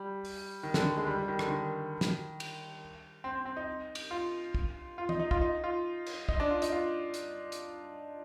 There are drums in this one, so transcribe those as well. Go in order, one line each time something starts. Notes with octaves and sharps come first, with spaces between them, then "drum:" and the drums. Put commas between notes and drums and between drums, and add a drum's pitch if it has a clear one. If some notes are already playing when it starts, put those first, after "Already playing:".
Already playing: G3
drum: open hi-hat
D#3
D3, drum: snare
G#3
G3
G3
D#3
D3, drum: rim click
D#3
drum: snare
drum: cymbal
C4
C4
C4
D#4
drum: cymbal
F4
drum: kick
F4
D#4, drum: tom E3
D#4
F4, drum: kick
D#4
F4
drum: cymbal
D#4, drum: kick
D4
F4
D#4, drum: hi-hat
F4
drum: hi-hat
drum: hi-hat